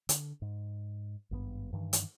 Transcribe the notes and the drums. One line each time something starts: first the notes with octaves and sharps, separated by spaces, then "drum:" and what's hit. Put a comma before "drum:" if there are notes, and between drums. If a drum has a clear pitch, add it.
D3, drum: hi-hat
G#2
G#1 G2 C#3 B3
G2 D#3 E3
drum: hi-hat